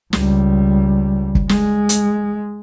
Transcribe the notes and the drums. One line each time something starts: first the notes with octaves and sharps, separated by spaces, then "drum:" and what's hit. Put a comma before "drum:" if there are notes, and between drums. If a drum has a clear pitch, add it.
C#2 G3, drum: snare
drum: kick
G#3, drum: snare
drum: hi-hat